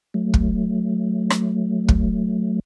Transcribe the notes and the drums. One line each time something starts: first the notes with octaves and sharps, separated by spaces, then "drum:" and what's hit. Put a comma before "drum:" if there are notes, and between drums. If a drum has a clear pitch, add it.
F#3 A3
drum: kick
drum: rim click
drum: kick